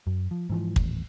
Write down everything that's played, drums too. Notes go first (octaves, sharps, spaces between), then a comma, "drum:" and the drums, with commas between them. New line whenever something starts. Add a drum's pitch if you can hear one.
F#2
F3
G#2 E3 F3
D#1 A1, drum: kick